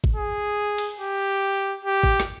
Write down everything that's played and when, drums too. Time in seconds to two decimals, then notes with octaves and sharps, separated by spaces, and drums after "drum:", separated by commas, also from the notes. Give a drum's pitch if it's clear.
0.04 drum: kick G#1
0.16 G#4
0.78 drum: cymbal
1.01 G4
1.85 G4
2.03 drum: kick G#1
2.20 drum: rim click